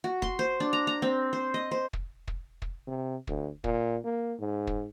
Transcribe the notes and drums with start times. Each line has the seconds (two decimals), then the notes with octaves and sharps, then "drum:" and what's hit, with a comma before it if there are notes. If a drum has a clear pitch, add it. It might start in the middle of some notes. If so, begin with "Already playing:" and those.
0.04 F#4
0.22 C6, drum: kick
0.39 C5
0.60 D4
0.73 A#5
0.87 A#5
1.02 C4
1.33 C5
1.54 D#5
1.71 C5
1.93 drum: kick
2.28 drum: kick
2.62 drum: kick
2.87 C3
3.27 D2, drum: kick
3.64 A#2, drum: kick
4.04 A#3
4.40 G#2
4.67 drum: kick